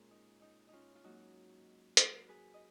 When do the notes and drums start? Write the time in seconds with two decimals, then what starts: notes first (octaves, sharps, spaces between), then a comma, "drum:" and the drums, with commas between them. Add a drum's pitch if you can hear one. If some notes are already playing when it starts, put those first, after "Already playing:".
Already playing: A#2 G#3 C#4 F4 G#4 A#4
0.11 D#4
0.42 D#4
0.69 C#4 D#4 F4
0.95 F4
1.03 G#2 F#3 A#3 D#4 F#4
1.97 F#4 A#4, drum: hi-hat
2.28 G#4 B4
2.54 D#5